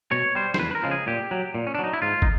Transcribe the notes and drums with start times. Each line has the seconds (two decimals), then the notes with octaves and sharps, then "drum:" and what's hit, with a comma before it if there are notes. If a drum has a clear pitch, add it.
0.11 B2 C#5
0.35 G3 C5
0.54 C5, drum: snare
0.59 E2 B4
0.71 B4
0.75 A#4
0.83 C#3 F3 G#3
0.91 G#4
1.07 A#2 G4
1.31 F#3
1.54 A#2
1.67 C#4
1.75 D4
1.79 F#3 D#4
1.93 E4
2.02 G#2 F4
2.22 D#4, drum: kick